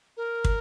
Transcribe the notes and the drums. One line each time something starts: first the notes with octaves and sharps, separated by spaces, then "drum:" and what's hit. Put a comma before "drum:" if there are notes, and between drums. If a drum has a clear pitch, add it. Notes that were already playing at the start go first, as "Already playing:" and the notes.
A#4
drum: kick